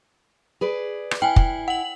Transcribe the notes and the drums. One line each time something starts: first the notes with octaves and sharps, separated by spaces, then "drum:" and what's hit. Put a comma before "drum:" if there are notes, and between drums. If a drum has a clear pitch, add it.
G#4 B4 D5
drum: rim click
E4 G5 G#5
drum: kick
F#5 F#7